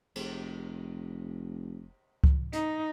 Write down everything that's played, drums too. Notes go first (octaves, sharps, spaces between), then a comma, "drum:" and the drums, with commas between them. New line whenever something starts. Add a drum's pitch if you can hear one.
F1, drum: cymbal
drum: kick C#2
D#4, drum: hi-hat